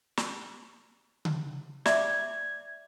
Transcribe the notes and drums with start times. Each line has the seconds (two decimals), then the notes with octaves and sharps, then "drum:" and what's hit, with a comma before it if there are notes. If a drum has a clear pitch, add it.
0.17 drum: snare
1.25 drum: tom C#3
1.86 D5 E5 D6 G#6, drum: snare